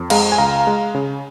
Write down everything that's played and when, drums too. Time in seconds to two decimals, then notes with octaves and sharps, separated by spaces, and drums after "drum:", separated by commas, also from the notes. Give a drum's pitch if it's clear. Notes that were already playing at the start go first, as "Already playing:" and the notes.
Already playing: F2
0.10 G#3 F5 A#5, drum: cymbal
0.32 G#5
0.38 C#2 F5 A#5
0.67 G#3
0.95 C#3